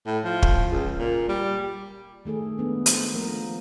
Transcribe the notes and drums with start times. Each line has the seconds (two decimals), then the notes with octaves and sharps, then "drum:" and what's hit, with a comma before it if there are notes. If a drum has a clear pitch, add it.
0.06 A2
0.25 F3
0.42 drum: kick
0.71 C#2
0.98 A#2
1.29 G3
2.25 D#3 A3 G#4 A4
2.58 G#3 B3 D4
2.86 C5, drum: hi-hat
3.14 F3 A3 A#3 A#4